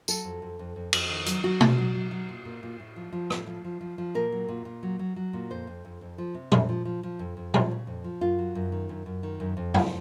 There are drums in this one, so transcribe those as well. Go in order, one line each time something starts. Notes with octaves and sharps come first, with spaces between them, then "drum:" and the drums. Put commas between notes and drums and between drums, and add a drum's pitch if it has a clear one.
F#3 A4, drum: tambourine
F2
F2
F2
F2
F2, drum: cymbal
D#3
F#3, drum: hi-hat
F#3 F#4
A#2, drum: tom
F#3
F#3
F#3
A#2
A#2
A#2
A2
F3
F3
A2, drum: rim click
F3
F3
F3
F3
A#2 A#4
F#3
A#2
A#2
F#3
F#3
F#3
A#2
F2 C5
F2
F2
F2
F3
C3
F2, drum: tom
F3
F3
F3
F2
F2
F3, drum: tom
C#3
F2
F3
F#2 F4
F#3
F#2
D#3
F#2
F#2
D#3
F#2
F2
F3, drum: tom